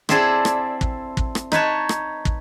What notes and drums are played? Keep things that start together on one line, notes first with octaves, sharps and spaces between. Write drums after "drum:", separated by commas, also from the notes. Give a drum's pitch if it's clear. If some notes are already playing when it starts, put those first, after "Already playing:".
C4 E4 G#4 A4 D5, drum: rim click
drum: rim click
drum: kick
drum: kick
drum: rim click
D#4 B4 C#5 A5, drum: rim click
drum: rim click
drum: kick